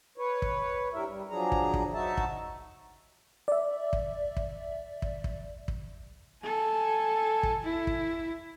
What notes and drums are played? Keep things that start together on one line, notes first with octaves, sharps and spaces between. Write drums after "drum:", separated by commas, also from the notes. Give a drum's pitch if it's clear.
B4 C#5
drum: kick
G2 G3 E4 A#4 E5
G3
F3 F#3 D4 G#4 A#5
drum: kick
drum: kick
F#3 D#4 F#4 E5 A5
drum: kick
D5 E5
drum: kick
drum: kick
drum: kick
drum: kick
drum: kick
A4 G#5
drum: kick
E4
drum: kick